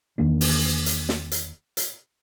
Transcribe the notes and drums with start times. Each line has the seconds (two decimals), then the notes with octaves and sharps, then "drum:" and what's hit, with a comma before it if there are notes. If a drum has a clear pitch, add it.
0.18 E2 D#3 A#3 D4
0.41 drum: open hi-hat
0.86 drum: hi-hat
1.09 drum: snare
1.31 drum: hi-hat
1.77 drum: hi-hat